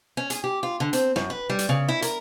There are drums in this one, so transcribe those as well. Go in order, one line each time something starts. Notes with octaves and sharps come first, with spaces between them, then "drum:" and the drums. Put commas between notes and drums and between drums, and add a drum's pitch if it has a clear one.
C#4
G#4, drum: hi-hat
G4
F4
D3
C4, drum: hi-hat
F#2, drum: snare
B4
G3
drum: hi-hat
C#3
E4
A#4, drum: hi-hat